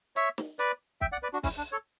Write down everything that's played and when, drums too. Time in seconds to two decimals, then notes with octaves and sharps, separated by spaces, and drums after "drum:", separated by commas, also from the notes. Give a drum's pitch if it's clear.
0.16 C#5 E5, drum: hi-hat
0.38 drum: snare
0.59 B4 D5, drum: hi-hat
1.01 E5 G5, drum: kick
1.12 D5 F#5
1.23 B4 D5
1.33 D4 F#4
1.43 C#4 E4, drum: kick, open hi-hat
1.58 D4
1.72 A4 C#5